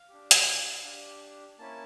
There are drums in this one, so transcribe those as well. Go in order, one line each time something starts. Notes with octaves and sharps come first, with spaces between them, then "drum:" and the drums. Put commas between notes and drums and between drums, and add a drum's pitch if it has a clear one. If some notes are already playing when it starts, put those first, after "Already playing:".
Already playing: F5
D4 G4
drum: hi-hat
D4 G4
A#3 C#4 E4 A5